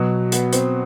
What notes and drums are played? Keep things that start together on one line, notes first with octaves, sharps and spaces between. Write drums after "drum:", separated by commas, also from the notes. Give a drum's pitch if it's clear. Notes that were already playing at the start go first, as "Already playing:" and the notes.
Already playing: B2 F#3
B3, drum: hi-hat
C4, drum: hi-hat